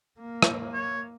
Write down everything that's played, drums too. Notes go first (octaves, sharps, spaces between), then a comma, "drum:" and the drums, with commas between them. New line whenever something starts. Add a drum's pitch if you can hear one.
A#3
drum: rim click
C#5